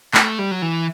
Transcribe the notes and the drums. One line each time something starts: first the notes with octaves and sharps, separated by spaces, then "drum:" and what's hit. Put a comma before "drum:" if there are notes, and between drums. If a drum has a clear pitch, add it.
A3, drum: clap
G3
F#3
E3